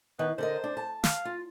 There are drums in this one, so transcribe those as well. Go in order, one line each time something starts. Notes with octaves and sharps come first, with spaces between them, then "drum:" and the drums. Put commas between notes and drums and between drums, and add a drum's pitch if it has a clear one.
D#3 B3
D3 A#4 C5 D#5
D4
A5
F5, drum: snare
F4